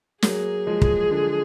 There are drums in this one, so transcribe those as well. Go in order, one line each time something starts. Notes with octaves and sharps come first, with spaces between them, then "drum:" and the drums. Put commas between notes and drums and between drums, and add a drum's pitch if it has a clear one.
F#3 A#3 G#4, drum: snare
F3 G#3
drum: kick
D3 F3